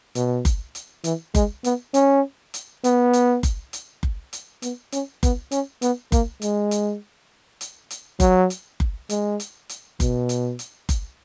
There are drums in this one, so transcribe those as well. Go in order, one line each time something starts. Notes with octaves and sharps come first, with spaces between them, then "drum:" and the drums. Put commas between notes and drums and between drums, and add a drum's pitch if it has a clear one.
B2, drum: hi-hat
drum: kick F#1, hi-hat
drum: hi-hat
E3, drum: hi-hat
G#3, drum: kick F#1, hi-hat
B3, drum: hi-hat
C#4, drum: hi-hat
drum: hi-hat
B3, drum: hi-hat
drum: hi-hat
drum: kick F#1, hi-hat
drum: hi-hat
drum: kick F#1
drum: hi-hat
B3, drum: hi-hat
C#4, drum: hi-hat
B3, drum: kick F#1, hi-hat
C#4, drum: hi-hat
B3, drum: hi-hat
A#3, drum: kick F#1, hi-hat
G#3, drum: hi-hat
drum: hi-hat
drum: hi-hat
drum: hi-hat
F#3, drum: kick F#1, hi-hat
drum: hi-hat
drum: kick F#1
G#3, drum: hi-hat
drum: hi-hat
drum: hi-hat
B2, drum: kick F#1, hi-hat
drum: hi-hat
drum: hi-hat
drum: kick F#1, hi-hat